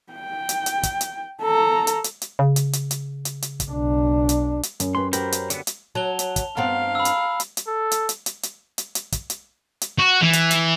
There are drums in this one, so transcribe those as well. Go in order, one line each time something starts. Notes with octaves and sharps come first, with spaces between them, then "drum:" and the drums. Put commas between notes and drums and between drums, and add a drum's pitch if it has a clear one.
G5
drum: hi-hat
drum: hi-hat
drum: kick, hi-hat
drum: hi-hat
A4 A#5
drum: hi-hat
drum: hi-hat
drum: hi-hat
C#3
drum: hi-hat
drum: hi-hat
drum: hi-hat
drum: hi-hat
drum: hi-hat
drum: kick, hi-hat
B1 D4
drum: hi-hat
drum: hi-hat
F#2, drum: hi-hat
C#4 G4 B4 C6
F#4 G4 A#4 C5 B5, drum: hi-hat
drum: hi-hat
D3 B3, drum: hi-hat
drum: hi-hat
F#3 A5 F7 G7
drum: hi-hat
drum: kick, hi-hat
G2 B3 C4 F5 A#5
B5 E6
drum: hi-hat
drum: hi-hat
drum: hi-hat
A4
drum: hi-hat
drum: hi-hat
drum: hi-hat
drum: hi-hat
drum: hi-hat
drum: hi-hat
drum: kick, hi-hat
drum: hi-hat
drum: hi-hat
F#4
E3
drum: hi-hat
drum: hi-hat